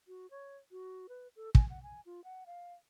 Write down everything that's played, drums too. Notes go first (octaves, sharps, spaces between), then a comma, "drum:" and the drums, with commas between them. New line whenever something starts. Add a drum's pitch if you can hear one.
F#4
C#5
F#4
B4
A4
G#5, drum: kick
F#5
G#5
F4
F#5
F5